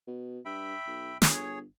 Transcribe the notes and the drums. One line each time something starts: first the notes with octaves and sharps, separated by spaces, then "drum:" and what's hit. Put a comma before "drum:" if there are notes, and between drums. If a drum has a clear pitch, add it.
B2
G2 E5 G5 B5
B1
G1 G#4 C#5, drum: snare